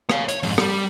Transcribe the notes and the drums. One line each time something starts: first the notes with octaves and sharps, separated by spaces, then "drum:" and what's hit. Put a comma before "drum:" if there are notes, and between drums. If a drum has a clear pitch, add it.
C#5 F5, drum: rim click
C#5, drum: hi-hat
F2 G#2, drum: open hi-hat
G3, drum: rim click